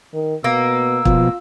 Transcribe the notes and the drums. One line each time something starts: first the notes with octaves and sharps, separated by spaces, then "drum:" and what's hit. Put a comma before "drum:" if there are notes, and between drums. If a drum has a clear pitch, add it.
D#3
B2 A#3 E6
B2 F3 F4, drum: kick